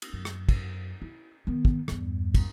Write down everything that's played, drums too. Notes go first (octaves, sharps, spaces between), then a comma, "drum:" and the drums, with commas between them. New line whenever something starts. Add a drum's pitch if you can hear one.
drum: cymbal
F#2
drum: rim click
drum: kick, cymbal
E4
D#3 B3
drum: kick
E2 G2, drum: rim click
drum: kick, cymbal